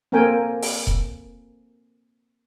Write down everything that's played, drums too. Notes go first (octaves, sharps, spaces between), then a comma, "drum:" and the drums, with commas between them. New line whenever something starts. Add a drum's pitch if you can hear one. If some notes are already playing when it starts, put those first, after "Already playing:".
A#3 C4 A4 A#4 G5 G#5
drum: open hi-hat
drum: kick E1